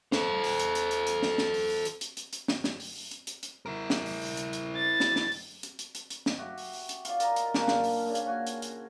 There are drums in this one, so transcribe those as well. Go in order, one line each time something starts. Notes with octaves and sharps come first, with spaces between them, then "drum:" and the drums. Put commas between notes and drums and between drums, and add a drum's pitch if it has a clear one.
A4 C5, drum: snare
drum: open hi-hat
drum: hi-hat
drum: hi-hat
drum: hi-hat
drum: hi-hat
drum: snare
drum: snare
drum: open hi-hat
drum: open hi-hat
drum: hi-hat
drum: hi-hat
drum: hi-hat
drum: hi-hat
drum: snare
drum: snare
drum: open hi-hat
drum: open hi-hat
drum: hi-hat
drum: hi-hat
drum: hi-hat
E4 A#4
drum: snare
drum: open hi-hat
drum: open hi-hat
drum: hi-hat
drum: hi-hat
A6
drum: snare
drum: snare
drum: open hi-hat
drum: hi-hat
drum: hi-hat
drum: hi-hat
drum: hi-hat
drum: snare
F#4 G4 E5
drum: open hi-hat
drum: open hi-hat
drum: hi-hat
F4 D5, drum: hi-hat
A#4 D#5, drum: hi-hat
drum: hi-hat
A#3 C#4 D4 G4, drum: snare
drum: snare
drum: open hi-hat
A#2 C#3
drum: hi-hat
F#4 G#5
drum: hi-hat
drum: hi-hat